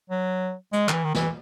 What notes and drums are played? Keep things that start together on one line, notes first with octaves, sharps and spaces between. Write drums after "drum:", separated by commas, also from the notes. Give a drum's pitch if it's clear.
F#3
G#3, drum: hi-hat
D#3, drum: clap
E3
D#3
E3, drum: snare